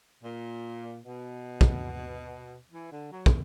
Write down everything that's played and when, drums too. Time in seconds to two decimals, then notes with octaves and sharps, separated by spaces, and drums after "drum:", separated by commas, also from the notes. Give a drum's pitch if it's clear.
0.23 A#2
1.06 B2
1.61 drum: kick
2.71 E3
2.92 D3
3.12 F#3
3.26 drum: kick